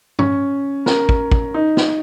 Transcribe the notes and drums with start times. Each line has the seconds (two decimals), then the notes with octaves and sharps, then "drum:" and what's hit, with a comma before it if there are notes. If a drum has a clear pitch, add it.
0.19 C#4, drum: tom
0.86 A#4, drum: snare
1.09 drum: kick
1.31 drum: kick
1.54 D#4
1.77 drum: snare